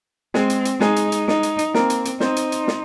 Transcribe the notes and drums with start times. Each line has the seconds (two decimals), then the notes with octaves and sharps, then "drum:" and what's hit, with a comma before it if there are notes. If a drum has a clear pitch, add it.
0.34 G#3 C4 G#4, drum: snare
0.50 drum: hi-hat
0.65 drum: hi-hat
0.80 G#3 D#4 G#4, drum: snare
0.96 drum: hi-hat
1.12 drum: hi-hat
1.28 D#4, drum: snare
1.43 drum: hi-hat
1.59 drum: hi-hat
1.74 A#3 C4 A#4, drum: snare
1.90 drum: hi-hat
2.05 drum: hi-hat
2.20 C4 D#4 C5, drum: snare
2.36 drum: hi-hat
2.52 drum: hi-hat
2.68 drum: snare